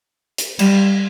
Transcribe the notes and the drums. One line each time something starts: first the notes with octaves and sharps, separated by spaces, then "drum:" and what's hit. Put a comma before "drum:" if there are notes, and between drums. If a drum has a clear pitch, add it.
drum: hi-hat
G3, drum: cymbal